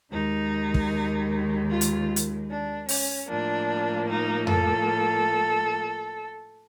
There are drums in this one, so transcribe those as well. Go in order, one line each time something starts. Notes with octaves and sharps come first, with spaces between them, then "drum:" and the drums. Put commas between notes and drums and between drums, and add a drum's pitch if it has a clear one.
D#2 D#3 G#3 D#4
drum: kick
F4
drum: hi-hat
drum: hi-hat
D4
C#4, drum: open hi-hat
A2 F3 A#3 D4
D#4
A4, drum: tom F2